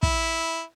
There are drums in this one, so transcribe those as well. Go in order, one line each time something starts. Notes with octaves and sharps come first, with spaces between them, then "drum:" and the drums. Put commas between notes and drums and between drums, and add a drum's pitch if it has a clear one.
E4, drum: kick